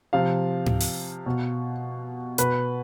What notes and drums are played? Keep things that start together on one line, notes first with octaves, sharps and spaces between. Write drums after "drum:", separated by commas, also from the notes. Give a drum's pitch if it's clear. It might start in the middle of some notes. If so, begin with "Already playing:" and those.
C3 F3 F5
drum: tom G#2
drum: open hi-hat
B2
B2 B4, drum: hi-hat